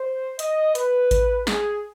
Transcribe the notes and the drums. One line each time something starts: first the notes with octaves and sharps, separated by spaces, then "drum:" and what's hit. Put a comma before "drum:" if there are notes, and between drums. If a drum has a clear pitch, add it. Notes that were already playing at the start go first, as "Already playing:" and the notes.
Already playing: C5
D#5, drum: hi-hat
B4, drum: hi-hat
drum: kick A1, hi-hat
G#4, drum: snare